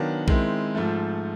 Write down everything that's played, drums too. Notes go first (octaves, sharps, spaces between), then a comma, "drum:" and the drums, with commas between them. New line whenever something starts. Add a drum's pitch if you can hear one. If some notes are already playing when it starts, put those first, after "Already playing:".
Already playing: D#3 F#3 B3 D4 F5
D#3 G#3 C4 E4, drum: kick B1
G#2 F3 A3